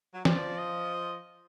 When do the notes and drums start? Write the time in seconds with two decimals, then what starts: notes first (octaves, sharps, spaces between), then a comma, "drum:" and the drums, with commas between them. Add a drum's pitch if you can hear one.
0.15 F#3
0.25 F3 D5, drum: snare
0.58 D#5